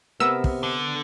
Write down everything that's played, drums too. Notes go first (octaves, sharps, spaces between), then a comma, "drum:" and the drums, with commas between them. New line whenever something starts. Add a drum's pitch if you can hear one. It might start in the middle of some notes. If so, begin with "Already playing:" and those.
C3 B3 A#4 E6
drum: kick
D3